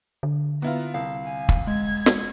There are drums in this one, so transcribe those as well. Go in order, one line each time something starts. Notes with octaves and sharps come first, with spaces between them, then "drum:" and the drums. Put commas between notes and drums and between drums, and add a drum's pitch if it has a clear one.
D3
B3 E4 F4 A#5
C2 A4 F5
G#5
drum: kick
G#3 G#6
drum: snare